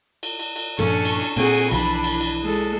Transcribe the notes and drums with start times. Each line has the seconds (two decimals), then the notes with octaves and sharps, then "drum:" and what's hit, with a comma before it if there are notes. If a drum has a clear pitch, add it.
0.23 drum: cymbal
0.39 drum: cymbal
0.56 drum: cymbal
0.79 G2 A#2 F3 C#4 D4 A4
1.05 drum: cymbal
1.22 drum: cymbal
1.37 A#2 C4 F#4 G#4 G#5, drum: cymbal
1.55 drum: cymbal
1.71 B1 D3 E3 F3 D4 B5, drum: cymbal
2.04 drum: cymbal
2.20 drum: cymbal
2.42 G#3 A4